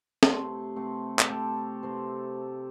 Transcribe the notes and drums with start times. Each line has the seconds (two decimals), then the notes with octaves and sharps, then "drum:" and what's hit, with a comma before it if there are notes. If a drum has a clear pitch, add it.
0.23 C3 A3 C4, drum: snare
0.76 C3 A3 C4
1.19 G4, drum: clap
1.29 C3 A3 C4 A4
1.83 C3 A3 C4